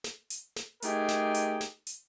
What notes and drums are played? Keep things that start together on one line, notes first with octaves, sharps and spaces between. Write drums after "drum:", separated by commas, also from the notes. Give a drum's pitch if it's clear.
drum: snare
drum: hi-hat
drum: snare
A3 D#4 G4 G#4 A#4, drum: hi-hat
drum: snare
drum: hi-hat
drum: snare
drum: hi-hat